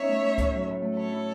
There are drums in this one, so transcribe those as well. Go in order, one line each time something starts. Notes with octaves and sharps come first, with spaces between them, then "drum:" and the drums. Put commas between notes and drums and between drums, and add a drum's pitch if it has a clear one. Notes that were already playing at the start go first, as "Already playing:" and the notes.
Already playing: B3 C#4 D#4 C#5 E5
A3
A3
A2, drum: kick C#2, hi-hat
F#3
A2
A3
E4 A4 C#5
E4